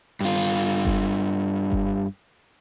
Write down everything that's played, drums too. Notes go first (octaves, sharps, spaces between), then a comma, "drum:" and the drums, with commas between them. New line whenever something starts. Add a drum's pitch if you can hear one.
G2 F4
drum: kick F#1
drum: kick F#1